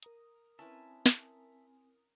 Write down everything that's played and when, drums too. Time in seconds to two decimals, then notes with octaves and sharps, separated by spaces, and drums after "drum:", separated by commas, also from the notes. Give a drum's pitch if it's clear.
0.03 A#4 A#5 D#6, drum: hi-hat
0.59 C4 C#4 E4 B4 E5 G#5 A5
1.06 drum: snare